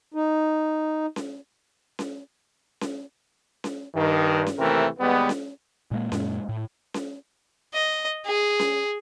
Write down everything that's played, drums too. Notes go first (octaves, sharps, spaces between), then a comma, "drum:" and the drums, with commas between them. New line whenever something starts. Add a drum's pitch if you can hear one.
D#4
drum: snare C#4
drum: snare C#4
drum: snare C#4
drum: snare C#4
G2 D#3
drum: snare C#4
D#2 C3 E3 A3 C4 A#4
D#2 G3 G#3 B3
drum: snare C#4
A#2 G#3 A#3
F#2 A#2 G#3, drum: snare C#4
A2
drum: snare C#4
D#5
G#4
drum: snare C#4